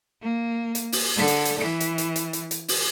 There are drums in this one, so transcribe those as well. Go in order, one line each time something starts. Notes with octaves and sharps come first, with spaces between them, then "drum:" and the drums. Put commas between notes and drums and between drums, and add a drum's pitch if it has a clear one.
A#3
drum: hi-hat
drum: open hi-hat
D3
drum: hi-hat
drum: hi-hat
E3
drum: hi-hat
drum: hi-hat
drum: hi-hat
drum: hi-hat
drum: hi-hat
drum: open hi-hat